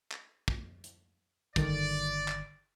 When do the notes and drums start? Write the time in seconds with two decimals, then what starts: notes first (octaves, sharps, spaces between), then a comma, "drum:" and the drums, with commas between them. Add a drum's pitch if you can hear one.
0.12 drum: clap
0.48 drum: kick
0.84 drum: hi-hat
1.56 G1 D3 D#3 D5, drum: kick, hi-hat
2.28 drum: clap